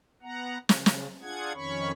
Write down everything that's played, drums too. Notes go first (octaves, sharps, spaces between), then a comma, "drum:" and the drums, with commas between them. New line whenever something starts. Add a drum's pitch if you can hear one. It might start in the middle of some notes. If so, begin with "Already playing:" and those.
B3 F#5 A#5
C#3, drum: snare
drum: snare
D4 F4 G#4 F#5 G#6
F2 D#3 C#4 C#5 B5 C#6